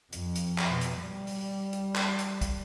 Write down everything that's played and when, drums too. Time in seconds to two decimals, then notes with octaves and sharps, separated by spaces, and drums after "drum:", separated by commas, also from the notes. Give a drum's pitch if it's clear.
0.12 F2, drum: hi-hat
0.35 drum: hi-hat
0.58 drum: clap
0.70 B2
0.81 drum: hi-hat
1.01 G3
1.27 drum: open hi-hat
1.73 drum: hi-hat
1.96 drum: clap
2.19 drum: hi-hat
2.41 drum: kick, hi-hat